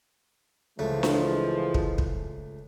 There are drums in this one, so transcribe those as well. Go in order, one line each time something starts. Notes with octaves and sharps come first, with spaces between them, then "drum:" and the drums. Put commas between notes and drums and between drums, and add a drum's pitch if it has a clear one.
C#2 E3 F3 G#3 A3
drum: snare D4
drum: kick
drum: kick